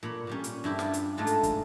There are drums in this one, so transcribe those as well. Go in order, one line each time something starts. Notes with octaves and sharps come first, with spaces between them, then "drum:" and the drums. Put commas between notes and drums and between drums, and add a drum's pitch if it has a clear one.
A#2 C#5 B5
A#2 G3 C#4
drum: hi-hat
G2 E4 G4
F4, drum: snare
drum: hi-hat
G#2 G#3 A3 D4 F4
drum: hi-hat
drum: kick, hi-hat